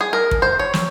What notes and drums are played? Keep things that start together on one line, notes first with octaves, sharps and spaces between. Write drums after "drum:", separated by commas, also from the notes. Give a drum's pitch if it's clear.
G#4
A#4
drum: kick
C5
C#5
drum: snare